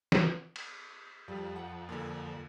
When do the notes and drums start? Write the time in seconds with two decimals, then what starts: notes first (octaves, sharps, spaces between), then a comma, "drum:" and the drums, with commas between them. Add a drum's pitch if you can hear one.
0.12 drum: snare
0.56 drum: cymbal
1.28 F2 G3
1.56 F#5
1.89 A#2 D3